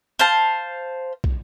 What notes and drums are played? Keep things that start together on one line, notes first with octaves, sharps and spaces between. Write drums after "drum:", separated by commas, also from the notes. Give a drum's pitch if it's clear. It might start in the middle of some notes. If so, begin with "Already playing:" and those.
C5 F5 A5
drum: kick